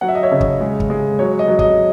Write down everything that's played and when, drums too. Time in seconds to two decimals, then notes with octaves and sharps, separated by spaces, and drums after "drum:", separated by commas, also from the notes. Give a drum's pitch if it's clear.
0.01 F#3 F#5
0.08 E5
0.15 D#5
0.23 C#5 E5
0.31 C#3
0.41 drum: kick
0.61 G#3
0.80 drum: kick
0.90 G#3
1.19 F#3 C#5
1.39 D#5
1.48 F#3
1.59 D#5, drum: kick